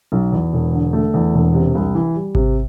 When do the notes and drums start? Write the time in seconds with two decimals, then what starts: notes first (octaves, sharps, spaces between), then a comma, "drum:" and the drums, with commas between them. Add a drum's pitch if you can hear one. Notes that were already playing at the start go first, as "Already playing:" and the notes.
0.12 B1
0.32 E2
0.53 E1
0.73 D3
0.93 A3
1.14 E2
1.34 E1
1.54 C3
1.75 C2
1.95 E3
2.15 G3
2.35 C3, drum: kick G#1